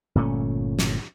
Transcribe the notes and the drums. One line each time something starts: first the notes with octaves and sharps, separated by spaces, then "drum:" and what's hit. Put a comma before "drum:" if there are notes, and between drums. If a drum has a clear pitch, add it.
G1 A#2 A3 C#4
drum: snare